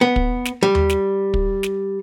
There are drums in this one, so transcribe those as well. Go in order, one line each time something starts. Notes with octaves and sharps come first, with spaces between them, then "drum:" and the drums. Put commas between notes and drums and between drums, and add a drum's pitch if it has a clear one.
B3
drum: kick
drum: snare
G3
drum: tom D#2
drum: snare
drum: kick
drum: snare